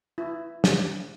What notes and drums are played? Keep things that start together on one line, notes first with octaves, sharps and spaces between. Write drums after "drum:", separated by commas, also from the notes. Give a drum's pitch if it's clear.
E4
drum: snare